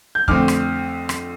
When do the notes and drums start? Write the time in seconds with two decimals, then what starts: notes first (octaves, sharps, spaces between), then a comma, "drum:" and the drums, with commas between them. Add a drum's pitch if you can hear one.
0.15 G6
0.28 F2 D3 A3 C4 D6 F6, drum: kick
0.48 drum: rim click
1.09 drum: rim click